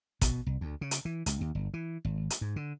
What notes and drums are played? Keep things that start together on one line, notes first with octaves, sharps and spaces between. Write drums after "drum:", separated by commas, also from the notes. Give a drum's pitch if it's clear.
B2, drum: kick, hi-hat
C2
D2
C#3
drum: hi-hat
E3
C#2, drum: hi-hat
D#2
G1
E3
G#1
drum: hi-hat
G#2
D3